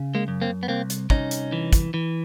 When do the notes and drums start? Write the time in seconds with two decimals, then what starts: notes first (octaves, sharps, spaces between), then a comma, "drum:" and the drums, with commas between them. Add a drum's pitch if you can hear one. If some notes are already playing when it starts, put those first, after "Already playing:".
Already playing: C#3
0.15 G#3 A#3
0.28 F#2
0.42 A#3 C4
0.63 B3
0.68 C2 A#3 C4
0.90 drum: hi-hat
1.10 C2 C#4 D#4, drum: kick
1.31 drum: hi-hat
1.52 E3
1.73 drum: kick, hi-hat
1.94 E3